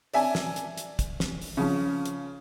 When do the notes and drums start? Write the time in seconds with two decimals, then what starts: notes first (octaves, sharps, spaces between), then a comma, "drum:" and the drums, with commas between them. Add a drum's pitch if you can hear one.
0.14 D5 E5 G#5 A5, drum: open hi-hat
0.35 drum: snare
0.56 drum: hi-hat
0.78 drum: hi-hat
0.99 drum: kick, hi-hat
1.20 drum: snare
1.41 drum: open hi-hat
1.57 C#3 F3
2.05 drum: hi-hat